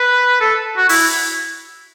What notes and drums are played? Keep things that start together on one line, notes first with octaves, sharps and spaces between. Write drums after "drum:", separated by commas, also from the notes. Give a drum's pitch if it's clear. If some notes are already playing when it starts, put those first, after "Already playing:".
Already playing: B4
A4
F#4
E4, drum: open hi-hat